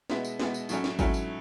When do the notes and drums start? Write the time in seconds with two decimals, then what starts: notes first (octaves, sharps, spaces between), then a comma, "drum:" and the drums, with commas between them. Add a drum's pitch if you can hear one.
0.10 B2 G#3 B3 E4, drum: snare
0.25 drum: tambourine
0.39 B2 G#3 B3 E4, drum: snare
0.54 drum: tambourine
0.69 A2 F#3 A3 C#4 E4, drum: tambourine
0.84 drum: snare
0.99 A2 F#3 A3 C#4 E4, drum: kick G#1, tambourine
1.14 drum: tambourine